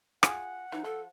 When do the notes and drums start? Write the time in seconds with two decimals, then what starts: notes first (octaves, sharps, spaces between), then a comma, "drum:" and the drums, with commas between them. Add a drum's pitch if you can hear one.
0.23 F4 G#4 F#5, drum: rim click
0.72 E3 F#3 D#4
0.84 F3 A4